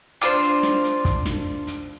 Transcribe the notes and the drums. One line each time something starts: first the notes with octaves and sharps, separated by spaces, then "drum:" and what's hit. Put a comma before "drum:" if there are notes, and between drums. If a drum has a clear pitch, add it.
D4 F4 A4 C5, drum: hi-hat
drum: hi-hat
drum: snare
drum: hi-hat
drum: kick, hi-hat
drum: snare
drum: hi-hat